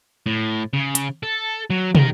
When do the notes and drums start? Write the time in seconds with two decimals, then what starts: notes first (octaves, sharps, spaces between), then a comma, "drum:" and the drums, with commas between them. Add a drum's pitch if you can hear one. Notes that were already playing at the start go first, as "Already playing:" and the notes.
0.26 A2
0.73 C#3
0.95 drum: hi-hat
1.23 A4
1.70 F#3
1.95 D#3 A#5, drum: tom